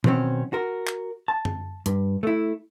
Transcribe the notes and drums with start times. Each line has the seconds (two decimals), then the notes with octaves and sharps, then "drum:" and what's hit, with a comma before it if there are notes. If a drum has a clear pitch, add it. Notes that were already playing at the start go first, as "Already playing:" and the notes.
0.04 B2 D#3 F#3 C4 C#4, drum: tom E3
0.53 F#4 A#4
0.87 drum: clap
1.28 A5
1.45 drum: tom F#2
1.86 G2, drum: hi-hat
2.23 A3 E4